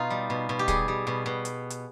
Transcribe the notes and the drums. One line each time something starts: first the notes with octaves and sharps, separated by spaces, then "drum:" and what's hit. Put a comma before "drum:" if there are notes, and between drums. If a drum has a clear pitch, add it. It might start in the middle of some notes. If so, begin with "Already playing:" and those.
Already playing: B2 D#4 F4
G3
B2
B2
G4
G3 G#4, drum: kick, hi-hat
G3
B2
B2
drum: hi-hat
drum: hi-hat